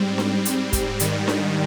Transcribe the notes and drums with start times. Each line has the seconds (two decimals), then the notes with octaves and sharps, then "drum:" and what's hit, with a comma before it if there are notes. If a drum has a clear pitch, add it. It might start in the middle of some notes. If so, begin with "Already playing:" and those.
Already playing: G#2 G3 C4
0.18 drum: snare D4
0.45 drum: hi-hat
0.73 drum: kick, hi-hat
1.00 G#2 D#3 G3, drum: hi-hat
1.28 drum: snare D4